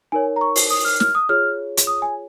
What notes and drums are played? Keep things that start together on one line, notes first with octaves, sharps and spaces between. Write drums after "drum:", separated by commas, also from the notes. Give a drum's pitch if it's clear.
D#4 A#4 C#5 G#5
A#5
C#6
drum: open hi-hat
D#6
F6
F6, drum: snare
D#6
F4 G#4 C#5 F6
drum: hi-hat
D#6
G#5